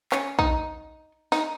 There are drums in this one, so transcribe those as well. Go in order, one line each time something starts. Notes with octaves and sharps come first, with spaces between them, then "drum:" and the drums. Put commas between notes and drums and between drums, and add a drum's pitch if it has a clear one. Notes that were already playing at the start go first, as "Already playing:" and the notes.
C#4, drum: clap
D#4, drum: kick
D#4, drum: snare